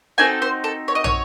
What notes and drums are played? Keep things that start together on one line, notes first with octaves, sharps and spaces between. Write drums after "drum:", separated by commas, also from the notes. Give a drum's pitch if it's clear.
C4 D#4 F#4 A4 G#5
C5
A4
C#5
D#5
C#5, drum: tom